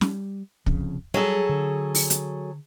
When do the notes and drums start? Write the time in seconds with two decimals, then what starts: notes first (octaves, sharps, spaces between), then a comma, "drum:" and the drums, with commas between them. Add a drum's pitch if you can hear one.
0.01 G3, drum: snare
0.66 F1 F2 C#3, drum: kick
1.14 F#3 G3 G#4 A4
1.49 D3
1.95 drum: open hi-hat
2.10 drum: hi-hat